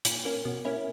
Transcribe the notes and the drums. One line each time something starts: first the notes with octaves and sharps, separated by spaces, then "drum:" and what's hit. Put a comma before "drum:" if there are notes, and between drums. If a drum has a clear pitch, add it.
A#2, drum: hi-hat
A#3 C#4
B2
A#3 C#4 E4